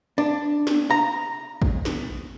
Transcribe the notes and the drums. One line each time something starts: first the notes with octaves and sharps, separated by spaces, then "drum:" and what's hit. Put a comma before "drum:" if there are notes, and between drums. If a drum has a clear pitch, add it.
D4
drum: snare
A#5
drum: kick A1
drum: snare